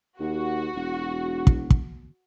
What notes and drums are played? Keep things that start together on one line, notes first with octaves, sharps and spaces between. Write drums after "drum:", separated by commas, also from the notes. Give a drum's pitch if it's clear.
D#2 F#4
E1
drum: kick
drum: kick